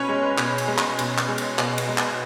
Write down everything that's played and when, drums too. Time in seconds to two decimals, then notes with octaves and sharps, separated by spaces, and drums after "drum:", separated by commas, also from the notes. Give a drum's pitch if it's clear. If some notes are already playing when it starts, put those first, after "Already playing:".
Already playing: B2 C#4 B4 C#5
0.09 G#3
0.38 B2, drum: clap
0.58 drum: cymbal
0.68 G#3
0.78 drum: clap
0.99 B2, drum: cymbal
1.18 drum: clap
1.28 G#3
1.38 drum: cymbal
1.59 B2, drum: clap
1.78 drum: cymbal
1.88 G#3
1.98 drum: clap